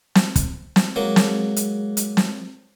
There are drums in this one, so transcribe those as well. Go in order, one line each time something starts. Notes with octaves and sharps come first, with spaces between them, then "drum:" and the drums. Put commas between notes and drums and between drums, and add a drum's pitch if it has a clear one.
drum: snare
drum: kick, hi-hat
drum: snare
F#3 G#3 A#3
drum: snare
drum: hi-hat
drum: hi-hat
drum: snare